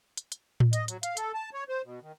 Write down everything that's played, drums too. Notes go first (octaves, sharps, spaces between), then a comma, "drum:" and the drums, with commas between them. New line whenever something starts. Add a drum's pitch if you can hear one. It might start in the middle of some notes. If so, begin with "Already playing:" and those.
drum: hi-hat
drum: hi-hat
drum: tom A2
D#5, drum: hi-hat
F#3, drum: hi-hat
F5, drum: hi-hat
A4, drum: hi-hat
A5
C#5
C5
B2
D#3